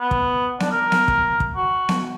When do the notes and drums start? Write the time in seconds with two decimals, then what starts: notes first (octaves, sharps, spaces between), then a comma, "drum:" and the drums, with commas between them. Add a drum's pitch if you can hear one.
0.01 B3
0.11 drum: kick
0.60 D4, drum: snare B3
0.72 A#4
0.92 drum: snare B3
1.08 drum: kick
1.40 drum: kick
1.56 F#4
1.89 drum: snare B3